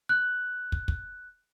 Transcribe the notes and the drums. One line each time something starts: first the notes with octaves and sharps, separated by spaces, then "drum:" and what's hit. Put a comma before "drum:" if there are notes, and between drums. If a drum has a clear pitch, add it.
F#6
drum: kick
drum: kick